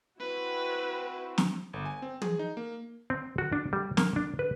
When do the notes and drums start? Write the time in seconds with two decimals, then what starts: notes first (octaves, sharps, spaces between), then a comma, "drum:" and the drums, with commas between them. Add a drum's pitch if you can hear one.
0.20 C4 E4 F#4 B4
1.38 drum: snare
1.73 G1
1.85 G#5
2.02 C4
2.22 G#4, drum: tom
2.39 D#4
2.57 A#3
3.10 C4
3.38 F#4
3.53 D4
3.73 G3
3.97 A#3, drum: snare
4.16 D4
4.39 B4